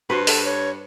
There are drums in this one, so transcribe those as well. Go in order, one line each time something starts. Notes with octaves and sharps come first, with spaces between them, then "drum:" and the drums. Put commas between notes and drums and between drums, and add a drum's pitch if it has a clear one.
G2 F#4 B4 C5
A4, drum: open hi-hat
C#5